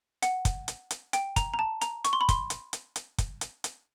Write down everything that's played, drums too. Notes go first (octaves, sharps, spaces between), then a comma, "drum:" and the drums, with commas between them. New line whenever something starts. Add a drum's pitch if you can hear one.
F#5, drum: hi-hat
drum: kick, hi-hat
drum: hi-hat
drum: hi-hat
G5, drum: hi-hat
A#5, drum: kick, hi-hat
A#5
A5
A#5, drum: hi-hat
C#6, drum: hi-hat
C6
B5
C6, drum: kick, hi-hat
drum: hi-hat
drum: hi-hat
drum: hi-hat
drum: kick, hi-hat
drum: hi-hat
drum: hi-hat